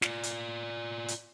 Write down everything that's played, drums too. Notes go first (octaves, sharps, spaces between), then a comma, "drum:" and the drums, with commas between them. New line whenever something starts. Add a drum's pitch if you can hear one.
F4 D5, drum: snare
drum: hi-hat
drum: hi-hat